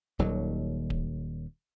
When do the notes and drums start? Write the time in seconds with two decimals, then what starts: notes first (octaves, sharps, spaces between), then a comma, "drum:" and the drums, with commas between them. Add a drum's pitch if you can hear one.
0.19 D#1 D#2 D#3 F#3
0.90 drum: kick D1